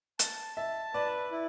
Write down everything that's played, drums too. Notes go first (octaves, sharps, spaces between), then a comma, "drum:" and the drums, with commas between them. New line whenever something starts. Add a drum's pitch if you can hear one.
A5, drum: hi-hat
E5 A5
B4 D5
E4